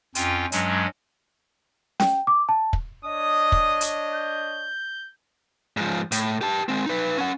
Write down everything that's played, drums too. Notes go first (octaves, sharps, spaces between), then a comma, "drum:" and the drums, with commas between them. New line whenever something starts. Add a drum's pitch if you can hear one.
F2 C#4 F4 G5, drum: hi-hat
G2 F#3 G#3 C#4, drum: hi-hat
G5, drum: snare C#4
D6
A5
drum: kick
D4 C#5 D#5 D#6
drum: kick
drum: hi-hat
G6
G#2 F3
A2, drum: hi-hat
G4 A5
G#3 C4
D#4 B4
C#4 F#5